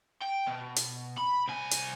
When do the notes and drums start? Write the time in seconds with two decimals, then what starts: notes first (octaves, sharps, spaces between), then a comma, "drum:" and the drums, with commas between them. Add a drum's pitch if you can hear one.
0.22 G5
0.47 B2
0.76 drum: hi-hat
1.18 B5
1.48 C2 G#5
1.71 drum: hi-hat